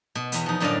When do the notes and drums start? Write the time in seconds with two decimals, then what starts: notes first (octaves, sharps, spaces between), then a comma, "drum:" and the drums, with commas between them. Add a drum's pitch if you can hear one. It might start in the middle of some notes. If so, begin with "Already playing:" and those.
0.15 B2
0.32 E2 B3, drum: hi-hat
0.46 F3 D#4
0.60 F#2 A2 D3 D5 D#5 F5